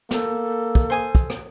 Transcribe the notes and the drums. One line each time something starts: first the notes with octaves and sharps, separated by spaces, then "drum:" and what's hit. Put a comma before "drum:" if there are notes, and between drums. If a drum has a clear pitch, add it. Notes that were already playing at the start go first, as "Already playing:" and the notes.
A#3 A4, drum: snare
drum: kick
C5 G#5 D#6
drum: kick
drum: rim click